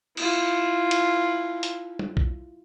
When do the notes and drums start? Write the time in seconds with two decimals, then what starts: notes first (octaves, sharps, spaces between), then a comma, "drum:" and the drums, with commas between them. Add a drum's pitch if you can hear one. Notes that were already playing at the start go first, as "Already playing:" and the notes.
0.17 E4 F4, drum: cymbal
0.91 drum: cymbal
1.63 drum: hi-hat
1.99 drum: tom G3
2.17 drum: kick